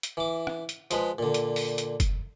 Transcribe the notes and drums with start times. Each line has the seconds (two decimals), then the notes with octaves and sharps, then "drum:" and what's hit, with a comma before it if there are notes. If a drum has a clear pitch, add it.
0.03 drum: hi-hat
0.17 E3 D6
0.47 drum: rim click
0.69 drum: hi-hat
0.91 F3 G#3 B4, drum: hi-hat
1.19 A#2 D3
1.34 drum: hi-hat
1.56 drum: open hi-hat
1.78 drum: hi-hat
2.00 drum: kick F#1, hi-hat